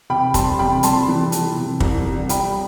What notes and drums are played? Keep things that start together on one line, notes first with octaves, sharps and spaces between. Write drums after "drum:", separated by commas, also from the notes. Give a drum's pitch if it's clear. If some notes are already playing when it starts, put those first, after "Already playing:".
C3 G5 B5
G3 A5 C6, drum: kick, hi-hat
C3 G5 B5
G3 A5 C6, drum: hi-hat
E3
E3, drum: hi-hat
C3
C2, drum: kick
G3
C2 G5 B5, drum: hi-hat